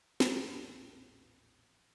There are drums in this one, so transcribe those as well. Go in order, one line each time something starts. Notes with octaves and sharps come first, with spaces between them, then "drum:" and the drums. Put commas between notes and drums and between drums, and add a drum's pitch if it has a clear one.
A#1 E2 A2, drum: snare